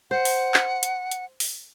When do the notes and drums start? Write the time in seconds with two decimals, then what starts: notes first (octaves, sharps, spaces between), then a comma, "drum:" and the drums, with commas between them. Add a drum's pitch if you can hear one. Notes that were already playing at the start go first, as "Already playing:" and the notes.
0.11 C5 F#5
0.25 drum: open hi-hat
0.54 drum: clap
0.83 drum: hi-hat
1.12 drum: hi-hat
1.40 drum: open hi-hat